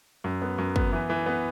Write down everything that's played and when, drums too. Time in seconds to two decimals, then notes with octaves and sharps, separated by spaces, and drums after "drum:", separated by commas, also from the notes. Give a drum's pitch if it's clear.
0.24 F#2
0.42 B3
0.58 F#2
0.76 B3, drum: kick
0.92 E3
1.10 E3
1.26 B3